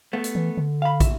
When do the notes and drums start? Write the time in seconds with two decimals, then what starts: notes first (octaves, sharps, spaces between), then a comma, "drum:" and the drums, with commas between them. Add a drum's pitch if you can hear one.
0.13 A3 B3
0.24 drum: hi-hat
0.35 E3
0.57 D3
0.82 F5 B5
1.00 E5, drum: kick, hi-hat